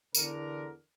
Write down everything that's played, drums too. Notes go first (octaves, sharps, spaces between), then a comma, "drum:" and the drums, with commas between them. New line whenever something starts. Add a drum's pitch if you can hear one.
E2 D3 A#4, drum: tambourine